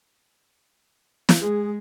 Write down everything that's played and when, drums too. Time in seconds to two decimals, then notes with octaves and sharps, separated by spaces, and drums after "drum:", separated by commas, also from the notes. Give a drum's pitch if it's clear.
1.29 drum: snare
1.41 G#3 G#4